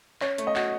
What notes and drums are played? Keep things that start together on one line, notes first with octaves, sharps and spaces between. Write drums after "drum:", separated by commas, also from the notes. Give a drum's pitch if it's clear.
C#4 C#5, drum: clap
A3, drum: hi-hat
D#5
F#4, drum: clap